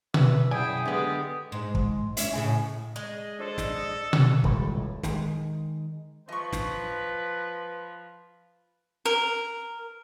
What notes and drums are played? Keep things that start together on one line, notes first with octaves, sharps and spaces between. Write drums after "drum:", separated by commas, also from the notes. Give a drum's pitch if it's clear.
B4 E5, drum: tom B2
F#2 E4 G#4 D5 G5 G#5 D#6
D3 G#3 B3 G4
G#2
drum: kick
C#4 E4, drum: hi-hat
A2 C#3
G#3 D#5
D4 A4 C5 D5
drum: snare
drum: tom B2
D#1 C#2 A2 G3, drum: kick
D#3 G#3, drum: snare
F3 B4 D#5 C#6
drum: snare
A#4